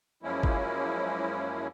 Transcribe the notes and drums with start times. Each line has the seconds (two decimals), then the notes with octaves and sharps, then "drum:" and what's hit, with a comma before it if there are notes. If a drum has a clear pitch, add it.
0.23 F#2 F3 G#3 A#3 C#4 E4
0.43 drum: kick G#1